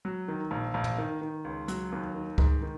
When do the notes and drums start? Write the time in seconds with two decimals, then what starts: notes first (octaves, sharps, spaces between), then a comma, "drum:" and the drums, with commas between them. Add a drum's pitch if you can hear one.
0.05 F#3
0.28 D#3
0.51 A#1
0.74 A#1
0.84 drum: tom
0.98 D#3
1.21 D#3
1.45 C#2
1.68 F#3, drum: hi-hat
1.92 D#2
2.15 D#3
2.38 G#2, drum: kick C#2
2.62 D#3